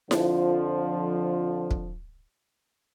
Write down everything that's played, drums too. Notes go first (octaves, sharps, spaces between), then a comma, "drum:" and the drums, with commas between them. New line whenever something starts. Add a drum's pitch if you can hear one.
F2 D3 F3, drum: snare E4
drum: kick